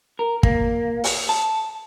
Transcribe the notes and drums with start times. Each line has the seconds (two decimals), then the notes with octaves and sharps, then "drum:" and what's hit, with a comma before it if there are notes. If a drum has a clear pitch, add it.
0.19 A#4
0.43 A#3, drum: kick
1.04 drum: open hi-hat
1.29 A5